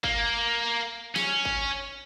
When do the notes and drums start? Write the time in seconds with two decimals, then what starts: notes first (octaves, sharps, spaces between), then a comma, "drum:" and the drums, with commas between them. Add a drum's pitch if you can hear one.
0.04 A#3, drum: kick G#1
1.16 C#4, drum: snare
1.45 drum: kick G#1